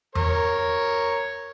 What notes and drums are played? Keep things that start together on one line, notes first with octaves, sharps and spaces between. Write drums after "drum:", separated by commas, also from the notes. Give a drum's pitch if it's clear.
A#4 C#5, drum: tom E2